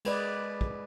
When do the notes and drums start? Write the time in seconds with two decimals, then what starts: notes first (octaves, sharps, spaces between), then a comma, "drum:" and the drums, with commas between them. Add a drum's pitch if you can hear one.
0.05 G#3 B4 D5 D#5, drum: cymbal
0.61 drum: kick